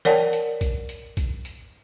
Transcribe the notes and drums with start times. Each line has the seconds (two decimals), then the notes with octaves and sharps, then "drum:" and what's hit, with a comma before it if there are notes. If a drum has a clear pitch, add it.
0.05 A#4 C#5 D5 F#5 G5 A5, drum: snare
0.33 drum: hi-hat
0.61 drum: kick, hi-hat
0.89 drum: hi-hat
1.17 drum: kick, hi-hat
1.45 drum: hi-hat